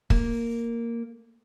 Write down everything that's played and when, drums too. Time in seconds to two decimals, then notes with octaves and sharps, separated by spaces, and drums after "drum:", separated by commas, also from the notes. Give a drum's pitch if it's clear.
0.10 A#3, drum: kick